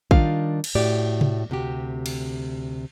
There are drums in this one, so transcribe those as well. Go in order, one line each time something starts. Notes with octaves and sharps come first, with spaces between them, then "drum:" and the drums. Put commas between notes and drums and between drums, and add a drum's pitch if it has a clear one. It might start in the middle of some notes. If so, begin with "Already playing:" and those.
D#3 G3 D4 F4 F5, drum: kick
drum: cymbal
A2 F#4 G4 D5
drum: tom C3
D2 C3 F#4 G4
drum: cymbal